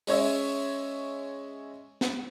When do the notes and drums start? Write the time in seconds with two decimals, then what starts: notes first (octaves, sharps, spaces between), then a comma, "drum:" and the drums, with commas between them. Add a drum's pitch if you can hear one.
0.07 G#3 C#4 C#5 E5, drum: open hi-hat
2.01 drum: snare